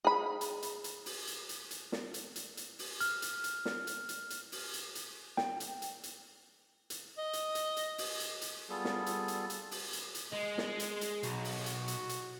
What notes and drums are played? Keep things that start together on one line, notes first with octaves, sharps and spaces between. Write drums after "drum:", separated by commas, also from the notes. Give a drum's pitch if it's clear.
G#4 B5
drum: hi-hat
drum: hi-hat
drum: hi-hat
drum: open hi-hat
drum: hi-hat
drum: hi-hat
drum: hi-hat
drum: snare
drum: hi-hat
drum: hi-hat
drum: hi-hat
drum: open hi-hat
F6, drum: hi-hat
drum: hi-hat
drum: hi-hat
drum: snare
drum: hi-hat
drum: hi-hat
drum: hi-hat
drum: open hi-hat
drum: hi-hat
drum: hi-hat
G5, drum: snare
drum: hi-hat
drum: hi-hat
drum: hi-hat
drum: hi-hat
D#5
drum: hi-hat
drum: hi-hat
drum: hi-hat
drum: open hi-hat
drum: hi-hat
drum: hi-hat
G3 B3 F4 G#4 A4
drum: snare
drum: hi-hat
drum: hi-hat
drum: hi-hat
drum: open hi-hat
drum: hi-hat
drum: hi-hat
G#3 D#5
drum: snare
drum: hi-hat
drum: hi-hat
B1 F#4, drum: hi-hat
drum: open hi-hat
drum: hi-hat
drum: hi-hat
drum: hi-hat